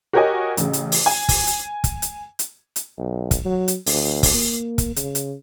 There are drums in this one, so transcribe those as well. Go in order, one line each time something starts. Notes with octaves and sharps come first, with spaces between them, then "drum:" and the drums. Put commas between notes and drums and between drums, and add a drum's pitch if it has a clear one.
F#4 G4 A#4 C#5 D#5 G#5
A1 C#3, drum: hi-hat
drum: hi-hat
drum: open hi-hat
G#5
drum: kick, open hi-hat
drum: hi-hat
drum: kick, hi-hat
drum: hi-hat
drum: hi-hat
drum: hi-hat
B1
drum: kick, hi-hat
F#3
drum: hi-hat
D2, drum: open hi-hat
drum: kick, open hi-hat
A#3
drum: kick, hi-hat
C#3, drum: hi-hat
drum: hi-hat